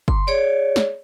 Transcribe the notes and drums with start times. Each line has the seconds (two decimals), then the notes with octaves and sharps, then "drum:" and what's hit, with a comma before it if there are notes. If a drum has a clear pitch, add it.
0.08 C6, drum: kick G1
0.27 G#4 C#5 D5
0.76 drum: snare